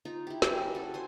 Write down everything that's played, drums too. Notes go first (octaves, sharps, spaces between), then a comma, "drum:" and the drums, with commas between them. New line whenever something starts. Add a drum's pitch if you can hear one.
D#4 F4 A#5
E4 G4
G3 C#4 G4, drum: snare
F#4 A4
C5 G#5 C6